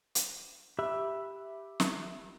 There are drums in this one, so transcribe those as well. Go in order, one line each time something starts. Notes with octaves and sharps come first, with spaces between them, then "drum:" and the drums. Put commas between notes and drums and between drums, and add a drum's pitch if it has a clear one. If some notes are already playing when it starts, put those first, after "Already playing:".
drum: hi-hat
G4 E5 B5 E6 F#6
drum: snare